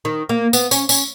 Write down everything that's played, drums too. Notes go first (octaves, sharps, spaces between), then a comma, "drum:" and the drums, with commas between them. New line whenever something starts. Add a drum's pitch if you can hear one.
D#3
A#3
B3, drum: tambourine
C#4, drum: tambourine
C#4, drum: tambourine